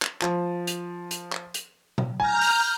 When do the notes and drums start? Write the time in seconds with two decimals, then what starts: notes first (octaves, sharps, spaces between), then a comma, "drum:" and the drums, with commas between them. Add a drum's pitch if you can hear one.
0.02 drum: clap
0.22 F3, drum: clap
0.67 drum: hi-hat
1.11 drum: hi-hat
1.33 drum: clap
1.54 drum: hi-hat
1.98 drum: tom B2
2.20 G#5 A#5 F6 G6
2.41 drum: open hi-hat